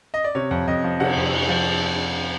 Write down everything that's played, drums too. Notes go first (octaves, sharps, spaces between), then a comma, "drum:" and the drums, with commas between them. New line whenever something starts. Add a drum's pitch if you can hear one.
D#5
D5
C3 C#5
F2
F2 D#5
F3
C3 F#5, drum: cymbal
F2
F2
F3